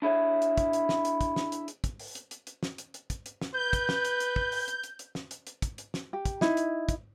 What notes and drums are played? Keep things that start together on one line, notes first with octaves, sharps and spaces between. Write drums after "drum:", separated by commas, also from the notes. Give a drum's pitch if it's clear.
D4 E4 G#4 C#5 E5
drum: hi-hat
drum: kick, hi-hat
drum: hi-hat
drum: snare
drum: hi-hat
drum: kick, hi-hat
drum: snare
drum: hi-hat
drum: hi-hat
drum: kick, hi-hat
drum: open hi-hat
drum: hi-hat
drum: hi-hat
drum: hi-hat
drum: snare
drum: hi-hat
drum: hi-hat
drum: kick, hi-hat
drum: hi-hat
drum: snare
B4 G6
drum: kick, hi-hat
drum: snare
drum: hi-hat
drum: hi-hat
drum: kick
drum: open hi-hat
drum: hi-hat
drum: hi-hat
drum: hi-hat
drum: snare
drum: hi-hat
drum: hi-hat
drum: kick, hi-hat
drum: hi-hat
drum: snare
G4
drum: kick, hi-hat
D#4 E4, drum: snare
drum: hi-hat
drum: kick, hi-hat